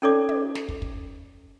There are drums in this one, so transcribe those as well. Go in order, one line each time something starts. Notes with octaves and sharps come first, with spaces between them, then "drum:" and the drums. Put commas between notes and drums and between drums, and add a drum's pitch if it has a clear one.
C#4 D#4 A4 C#5 D5 D6
drum: tom
drum: snare
drum: kick
drum: kick